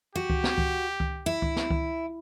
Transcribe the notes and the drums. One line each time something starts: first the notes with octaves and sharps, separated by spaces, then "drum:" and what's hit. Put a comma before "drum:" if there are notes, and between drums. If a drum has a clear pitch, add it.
F#4 G4
drum: kick C#2
drum: snare
drum: kick C#2
drum: kick C#2
E4
drum: kick C#2
drum: snare
drum: kick C#2